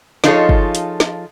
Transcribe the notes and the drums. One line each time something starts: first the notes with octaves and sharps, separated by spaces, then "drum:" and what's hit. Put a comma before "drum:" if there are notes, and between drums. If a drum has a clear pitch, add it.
F3 D#4 F4 G#4 A4 C#5, drum: snare
drum: kick G1
drum: hi-hat
drum: snare